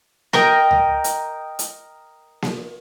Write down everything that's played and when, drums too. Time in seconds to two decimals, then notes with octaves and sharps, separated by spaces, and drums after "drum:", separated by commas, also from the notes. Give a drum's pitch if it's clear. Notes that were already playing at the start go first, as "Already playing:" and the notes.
0.33 A#4 D#5 G5 A#5, drum: snare A#3
0.71 drum: tom C#2
1.04 drum: hi-hat
1.59 drum: hi-hat
2.42 drum: snare A#3